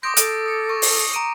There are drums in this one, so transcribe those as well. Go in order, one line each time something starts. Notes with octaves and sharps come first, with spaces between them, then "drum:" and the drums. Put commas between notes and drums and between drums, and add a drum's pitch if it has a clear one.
C6 D6 D#6 G6 A#6 D7
A4 D7, drum: hi-hat
D#6 C#7
C#6 D6
drum: open hi-hat
A#5 D7 D#7